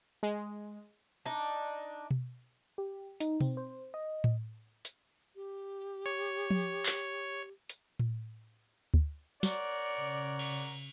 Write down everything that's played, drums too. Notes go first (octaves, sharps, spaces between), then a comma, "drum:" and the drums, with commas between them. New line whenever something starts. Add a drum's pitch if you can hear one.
G#3
D4 D#4
drum: tom B2
G4
D#4, drum: hi-hat
C4, drum: tom B2
C5
D#5
drum: tom A2
drum: hi-hat
G4
C#5
drum: tom F3
drum: clap
drum: hi-hat
drum: tom A2
drum: kick D2
A#4 C#5 D5 F#5, drum: snare
C#3
drum: cymbal